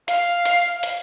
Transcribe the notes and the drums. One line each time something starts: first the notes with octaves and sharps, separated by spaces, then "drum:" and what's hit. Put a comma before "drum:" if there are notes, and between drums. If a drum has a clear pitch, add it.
F5, drum: hi-hat
drum: hi-hat
drum: hi-hat